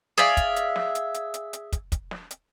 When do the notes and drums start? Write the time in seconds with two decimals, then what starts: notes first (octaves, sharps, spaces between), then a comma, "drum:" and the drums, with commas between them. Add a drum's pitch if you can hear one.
0.18 G#4 D5 E5 F5, drum: snare
0.37 drum: kick, hi-hat
0.56 drum: hi-hat
0.76 drum: snare
0.95 drum: hi-hat
1.14 drum: hi-hat
1.34 drum: hi-hat
1.53 drum: hi-hat
1.72 drum: kick, hi-hat
1.92 drum: kick, hi-hat
2.11 drum: snare
2.31 drum: hi-hat